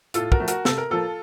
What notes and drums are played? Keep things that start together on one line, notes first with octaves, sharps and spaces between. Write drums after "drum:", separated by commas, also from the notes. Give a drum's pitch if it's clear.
A2 F4 A4, drum: hi-hat
F#4 A#4, drum: kick
F3 A3
F#4 A#4, drum: hi-hat
C3 A4, drum: snare
A#4
F3 A#3 F4 A4